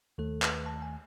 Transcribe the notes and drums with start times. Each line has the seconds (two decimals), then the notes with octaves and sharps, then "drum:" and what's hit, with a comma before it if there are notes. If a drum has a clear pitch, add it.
0.18 D#2 D#3 A3 A4
0.42 B4, drum: clap
0.66 A5
0.82 G#5